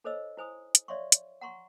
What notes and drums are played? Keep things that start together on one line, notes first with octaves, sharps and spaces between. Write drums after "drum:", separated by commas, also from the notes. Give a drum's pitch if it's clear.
D#4 A4 C5 C#5 D#5 E6
E4 C5 G#5 D#6
drum: hi-hat
C#5 D5 E5 F5 C6 C#6
drum: hi-hat
F#5 A#5 C6 C#6